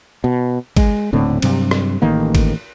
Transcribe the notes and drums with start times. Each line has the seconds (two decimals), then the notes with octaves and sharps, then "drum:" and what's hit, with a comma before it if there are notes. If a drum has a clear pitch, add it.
0.24 B2
0.77 G#3, drum: kick, cymbal
1.13 D#1 A2 D3 C4
1.42 G2 C3 F#3, drum: cymbal
1.71 drum: rim click
2.02 A1 D#3 A#3
2.35 drum: kick, cymbal